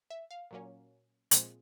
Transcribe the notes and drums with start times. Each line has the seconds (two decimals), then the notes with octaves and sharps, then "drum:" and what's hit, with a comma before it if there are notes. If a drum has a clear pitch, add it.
0.10 E5
0.31 F5
0.51 A#2 F#3 A#3 C#4
1.31 A#2 F3 G#3 C4, drum: hi-hat